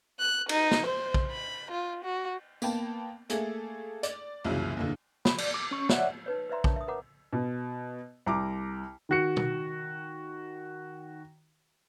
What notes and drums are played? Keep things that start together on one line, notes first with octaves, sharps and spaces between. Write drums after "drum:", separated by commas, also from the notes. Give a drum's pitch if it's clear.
F#6
D#4, drum: cymbal
drum: snare
C5
drum: kick A#1
B5
F4
F#4
A#3 B3 G5 A5, drum: tambourine
A3 A#3 G#4 A4, drum: hi-hat
D5, drum: hi-hat
C2 F#2 A#2 C#3 E3 F#3
E2 A#2 D3
B5, drum: snare
D5, drum: cymbal
D6
C#4 C#6
C#5 D5 E5 F#5, drum: snare
D#4 B4 C#5
B4 C5 D5 E5 A#5 C6
D4 A#4 C#5 A5, drum: kick A#1
E5 D#6
A#4 B4 C#5 F#5 A#5 D6
B2
C2 A#5 D6
D#3 F#4 C#7
drum: tom